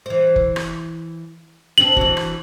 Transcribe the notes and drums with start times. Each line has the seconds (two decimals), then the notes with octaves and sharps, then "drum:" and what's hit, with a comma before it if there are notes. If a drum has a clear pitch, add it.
0.06 E3 C5
0.36 drum: kick F#1
0.56 drum: rim click
1.78 C4 D4 F#7
1.97 E3 F#4, drum: kick F#1
2.17 drum: rim click